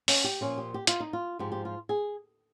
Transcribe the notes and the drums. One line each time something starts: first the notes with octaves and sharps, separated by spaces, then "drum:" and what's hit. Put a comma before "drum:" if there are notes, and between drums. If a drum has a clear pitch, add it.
C#4, drum: open hi-hat
G4
A#2 F3 C#4
G4
G4
F4, drum: hi-hat
D#4
F4
G#2 F3 G4
G4
F4
G#4